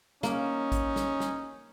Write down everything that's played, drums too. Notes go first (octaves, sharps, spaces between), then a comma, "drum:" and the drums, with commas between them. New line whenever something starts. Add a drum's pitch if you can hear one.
A#3 C#4 D#4, drum: snare
drum: kick, hi-hat
drum: snare
drum: snare